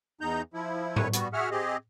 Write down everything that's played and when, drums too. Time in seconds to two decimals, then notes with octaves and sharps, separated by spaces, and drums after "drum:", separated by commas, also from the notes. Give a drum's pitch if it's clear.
0.21 E2 D#4 A#5 G6
0.54 F3 E4
0.96 D#3 A3 B4 C#5 C#6, drum: tom A2
1.13 G3 B3 F#4, drum: hi-hat
1.33 F#4 G#4 E5 F#5 F6
1.51 C4 G4 G#4 D#5